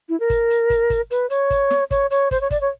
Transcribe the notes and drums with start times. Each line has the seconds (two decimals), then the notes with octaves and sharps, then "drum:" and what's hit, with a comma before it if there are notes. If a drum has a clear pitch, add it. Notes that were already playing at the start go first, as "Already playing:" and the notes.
0.09 E4
0.20 A#4
0.30 drum: kick, hi-hat
0.50 drum: hi-hat
0.70 drum: kick, hi-hat
0.90 drum: kick, hi-hat
1.11 B4, drum: hi-hat
1.30 C#5, drum: hi-hat
1.50 drum: kick, hi-hat
1.71 drum: snare
1.91 C#5, drum: kick, hi-hat
2.11 C#5, drum: hi-hat
2.31 C5, drum: kick, hi-hat
2.41 C#5
2.51 D5, drum: kick, hi-hat
2.61 C#5